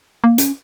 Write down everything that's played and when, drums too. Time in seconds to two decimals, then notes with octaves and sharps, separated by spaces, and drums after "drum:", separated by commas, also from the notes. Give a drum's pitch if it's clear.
0.24 A#3
0.38 C#4, drum: hi-hat